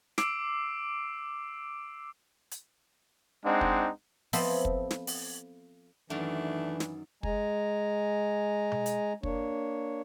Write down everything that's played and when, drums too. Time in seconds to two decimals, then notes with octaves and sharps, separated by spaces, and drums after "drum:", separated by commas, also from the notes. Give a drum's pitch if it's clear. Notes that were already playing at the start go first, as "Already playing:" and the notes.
0.18 D6 E6 C7 D7, drum: snare
2.52 drum: hi-hat
3.45 G#3 C4 D4 D#4 F#5
3.61 drum: kick
4.33 F3 B3 C4 A4 D#5 E5, drum: open hi-hat
4.65 drum: kick
4.91 drum: snare
5.07 drum: open hi-hat
6.10 F#2 D#3 E3 A3 D4
6.80 drum: snare
7.23 G#3 G#5 A#5, drum: kick
8.72 drum: tom B2
8.86 drum: hi-hat
9.23 A#3 D4 C#5, drum: kick